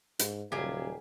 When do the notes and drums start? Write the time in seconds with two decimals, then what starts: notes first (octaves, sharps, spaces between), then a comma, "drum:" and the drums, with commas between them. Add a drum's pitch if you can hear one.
0.19 G#2, drum: hi-hat
0.52 D#1 C#3 F#3 G4 G#4 G#5